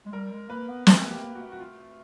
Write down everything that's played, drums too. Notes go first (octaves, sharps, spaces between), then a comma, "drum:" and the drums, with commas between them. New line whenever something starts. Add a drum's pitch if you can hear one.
G#3
G3 A#4
G#3
A#3 B4
B3
C4 A#4, drum: snare
A#3
G4
A3
A#3
A#3 F#4
A3
F#4
F4